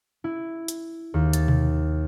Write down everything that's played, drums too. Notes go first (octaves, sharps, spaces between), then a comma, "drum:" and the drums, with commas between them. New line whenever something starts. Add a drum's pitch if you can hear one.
E4
drum: hi-hat
D#2
A6, drum: hi-hat
drum: tom B2